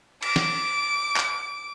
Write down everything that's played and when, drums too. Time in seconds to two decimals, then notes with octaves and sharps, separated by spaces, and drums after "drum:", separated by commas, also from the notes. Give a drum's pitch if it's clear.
0.23 D6 D7, drum: cymbal
0.36 drum: snare
1.16 drum: clap